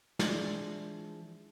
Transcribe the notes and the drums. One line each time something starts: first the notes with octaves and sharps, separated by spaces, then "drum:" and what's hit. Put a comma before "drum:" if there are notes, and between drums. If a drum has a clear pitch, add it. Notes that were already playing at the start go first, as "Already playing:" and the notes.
E3 F3 G#3 D4, drum: snare